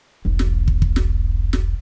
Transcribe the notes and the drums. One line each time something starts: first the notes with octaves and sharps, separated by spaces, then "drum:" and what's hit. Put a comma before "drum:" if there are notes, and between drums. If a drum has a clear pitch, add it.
E1 B1
drum: snare
drum: kick
drum: kick
drum: snare
drum: snare